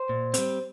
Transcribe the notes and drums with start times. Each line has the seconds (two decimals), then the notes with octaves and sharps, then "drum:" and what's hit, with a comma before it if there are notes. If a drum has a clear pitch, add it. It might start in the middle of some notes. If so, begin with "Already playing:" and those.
Already playing: C5
0.09 A#2
0.34 G3 C4, drum: hi-hat